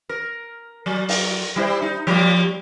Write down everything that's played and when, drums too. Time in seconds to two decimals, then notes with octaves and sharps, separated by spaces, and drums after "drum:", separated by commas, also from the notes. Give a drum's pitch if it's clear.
0.09 A#4
0.86 F#3
1.09 drum: open hi-hat
1.56 G3 E4 C5
1.82 D#4
2.07 F3 G3 A#3